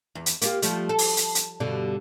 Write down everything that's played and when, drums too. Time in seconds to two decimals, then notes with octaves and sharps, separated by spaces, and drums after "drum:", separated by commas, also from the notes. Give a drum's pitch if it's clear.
0.15 E2
0.26 drum: hi-hat
0.41 A#3 F4 G4, drum: hi-hat
0.62 F3 G3 A3, drum: hi-hat
0.89 A4
0.99 drum: open hi-hat
1.17 drum: hi-hat
1.35 drum: hi-hat
1.60 G2 B2 D3